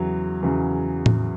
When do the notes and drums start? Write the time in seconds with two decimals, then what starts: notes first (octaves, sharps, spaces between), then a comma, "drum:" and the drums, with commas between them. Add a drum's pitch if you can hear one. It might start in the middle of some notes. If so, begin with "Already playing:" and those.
Already playing: E2 C#3 F#3
0.42 E2 C#3 F#3
1.06 drum: tom A2